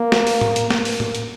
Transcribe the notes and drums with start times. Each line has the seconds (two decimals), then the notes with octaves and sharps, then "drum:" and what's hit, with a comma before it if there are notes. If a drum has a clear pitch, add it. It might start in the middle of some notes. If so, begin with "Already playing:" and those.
Already playing: A#3
0.12 drum: snare
0.27 drum: open hi-hat
0.41 drum: tom A2
0.56 drum: hi-hat
0.70 A#3, drum: snare
0.85 drum: open hi-hat
1.00 drum: tom A2
1.15 drum: hi-hat